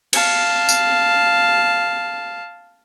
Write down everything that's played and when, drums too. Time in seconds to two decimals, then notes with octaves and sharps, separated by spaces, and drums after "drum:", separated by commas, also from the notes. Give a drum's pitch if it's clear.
0.13 F5 A5, drum: cymbal
0.69 drum: tambourine